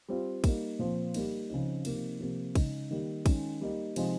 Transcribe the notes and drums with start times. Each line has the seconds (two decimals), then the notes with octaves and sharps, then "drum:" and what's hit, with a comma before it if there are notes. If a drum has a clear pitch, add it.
0.09 G3 C4 F4
0.44 G3 A#3 D#4, drum: kick, cymbal
0.79 A#2 F3 C4
1.14 G3 A#3 D#4, drum: cymbal
1.49 C#3 F3 C4 D#4
1.85 C3 F3 A#3 D#4, drum: cymbal
2.20 C3 F3 A#3
2.55 C#3 G#3 D#4, drum: kick, cymbal
2.91 D#3 G3 A#3
3.26 D#3 G#3 C#4, drum: kick, cymbal
3.61 G3 A#3 D#4
3.96 C3 F3 G#3 D#4, drum: cymbal